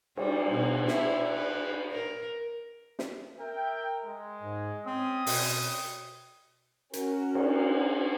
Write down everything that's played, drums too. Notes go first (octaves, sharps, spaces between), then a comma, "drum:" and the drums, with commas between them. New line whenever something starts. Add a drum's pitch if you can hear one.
G3, drum: cymbal
B2
E4, drum: snare
B4
A#4
drum: snare
A#4 E5 G5
G#3
G#2
C4 C#4 G5 D#6
B2, drum: open hi-hat
C#4 F#4 A#4, drum: hi-hat
drum: cymbal